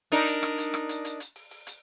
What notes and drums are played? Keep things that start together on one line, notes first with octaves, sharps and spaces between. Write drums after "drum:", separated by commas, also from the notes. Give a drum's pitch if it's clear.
D4 D#4 A#4, drum: hi-hat
drum: hi-hat
drum: rim click
drum: hi-hat
drum: rim click
drum: hi-hat
drum: hi-hat
drum: hi-hat
drum: open hi-hat
drum: open hi-hat
drum: hi-hat